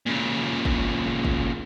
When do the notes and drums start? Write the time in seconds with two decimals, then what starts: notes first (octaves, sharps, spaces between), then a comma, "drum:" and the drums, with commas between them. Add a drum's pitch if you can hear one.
0.06 A#2 C#3
0.65 drum: kick
1.25 drum: kick